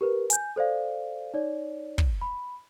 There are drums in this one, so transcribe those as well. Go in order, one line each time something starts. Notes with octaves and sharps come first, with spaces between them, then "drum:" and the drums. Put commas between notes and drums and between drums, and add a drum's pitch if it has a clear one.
G4 A#4 B4
G#5 G6, drum: hi-hat
A4 C5 D5 F5
D#4 C#5 D5
drum: kick
B5